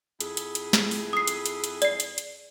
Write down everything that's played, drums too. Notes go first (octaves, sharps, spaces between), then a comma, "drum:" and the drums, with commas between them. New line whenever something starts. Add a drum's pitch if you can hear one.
F2 E4 G#4, drum: hi-hat
drum: hi-hat
drum: hi-hat
drum: snare
drum: open hi-hat
D#6 C7
drum: hi-hat
drum: hi-hat
drum: hi-hat
D5 C7, drum: hi-hat
drum: hi-hat
drum: hi-hat